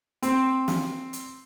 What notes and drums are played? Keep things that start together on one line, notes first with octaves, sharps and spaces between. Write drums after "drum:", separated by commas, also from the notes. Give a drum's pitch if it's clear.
C4, drum: hi-hat
drum: snare
drum: hi-hat